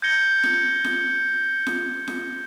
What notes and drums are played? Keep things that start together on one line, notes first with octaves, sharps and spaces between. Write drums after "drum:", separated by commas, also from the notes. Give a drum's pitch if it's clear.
G6 G#6 A#6 C#7 G7
drum: snare F4
drum: snare F4
drum: snare F4
drum: snare F4